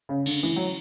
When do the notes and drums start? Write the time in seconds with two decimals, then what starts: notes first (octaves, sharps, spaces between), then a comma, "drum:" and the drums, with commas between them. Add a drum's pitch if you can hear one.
0.09 C#3
0.26 D3, drum: cymbal
0.43 E3
0.56 F#3